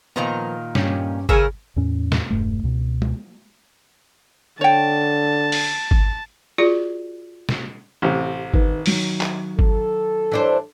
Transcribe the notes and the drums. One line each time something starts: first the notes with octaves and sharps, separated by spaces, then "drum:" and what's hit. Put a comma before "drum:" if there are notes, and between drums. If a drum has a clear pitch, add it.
A#2 D#3 F3 B3 A#5
G2 C#4 G4, drum: snare
C#3 A#4 G#5 C#6 E6, drum: kick G#1
E2 A2 C#4
drum: snare
E1 G2 A3
C#2 B2
drum: tom
D3 C#5 G5 A5
drum: open hi-hat
drum: kick G#1
F4 F#4 G#4 D5
drum: snare
A1 C3
D#3 B4, drum: kick G#1
D#3 F#3, drum: open hi-hat
drum: clap
A4, drum: kick G#1
E3 D4 C5